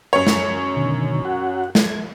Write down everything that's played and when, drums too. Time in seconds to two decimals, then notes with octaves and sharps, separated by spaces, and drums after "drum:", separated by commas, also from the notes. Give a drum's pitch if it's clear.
0.13 F#2 C#5
0.27 drum: snare
0.77 B2 D3 D#3
1.25 F#4 F#5
1.75 G#6, drum: snare